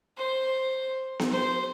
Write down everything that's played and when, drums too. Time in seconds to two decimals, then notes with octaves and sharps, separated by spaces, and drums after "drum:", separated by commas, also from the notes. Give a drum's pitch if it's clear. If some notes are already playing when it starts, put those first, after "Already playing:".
0.17 C5
1.19 drum: snare B3
1.31 C5